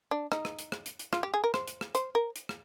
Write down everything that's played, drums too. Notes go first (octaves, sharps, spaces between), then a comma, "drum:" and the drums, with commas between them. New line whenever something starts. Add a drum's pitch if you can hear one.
D4
D#4, drum: rim click
drum: rim click
drum: hi-hat
drum: rim click
drum: hi-hat
drum: hi-hat
F4, drum: rim click
G4
G#4
A#4
C5, drum: rim click
drum: hi-hat
drum: rim click
C5, drum: hi-hat
A#4
drum: hi-hat
drum: rim click